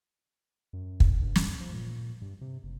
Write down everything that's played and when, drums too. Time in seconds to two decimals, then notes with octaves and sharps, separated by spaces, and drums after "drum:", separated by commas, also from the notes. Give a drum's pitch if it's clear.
0.73 F#2
1.00 drum: kick
1.22 G2
1.36 drum: snare
1.61 F3
1.73 A#2
2.22 G2
2.41 C3
2.64 F#1